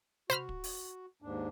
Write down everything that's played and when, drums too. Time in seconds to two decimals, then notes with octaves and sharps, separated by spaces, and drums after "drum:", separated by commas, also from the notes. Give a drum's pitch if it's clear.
0.30 F#4 C5 B5 F6, drum: tom C3
0.49 drum: kick
0.64 drum: open hi-hat
1.22 D#2 G#2 D4